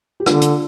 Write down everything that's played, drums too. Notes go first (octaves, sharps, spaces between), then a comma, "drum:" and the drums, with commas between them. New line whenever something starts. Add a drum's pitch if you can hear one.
G4
D3 D4 F4, drum: rim click
drum: hi-hat